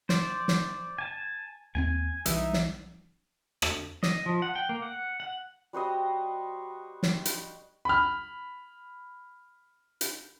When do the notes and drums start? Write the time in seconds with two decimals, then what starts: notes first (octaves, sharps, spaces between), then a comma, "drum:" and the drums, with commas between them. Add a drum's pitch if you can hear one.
0.09 C5 D5, drum: snare
0.48 drum: snare
0.99 G#5 A5
1.75 D#2 A#3 C4 G#5
2.26 B1 E3 G3 D#4 E5, drum: hi-hat
2.53 drum: snare
3.62 drum: rim click
4.03 D#5, drum: snare
4.26 F3
4.42 F#5
4.55 G5
4.69 A#3
4.82 F#5
5.20 F#5
5.73 G3 F#4 C5 D#5
7.03 drum: snare
7.25 drum: hi-hat
7.85 B5 F6
10.01 drum: hi-hat